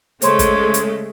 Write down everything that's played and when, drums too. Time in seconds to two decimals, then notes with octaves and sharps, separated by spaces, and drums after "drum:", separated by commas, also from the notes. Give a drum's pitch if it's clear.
0.22 C#3 G#3 A3 C5 C#5 C6, drum: hi-hat
0.39 drum: kick, hi-hat
0.74 drum: hi-hat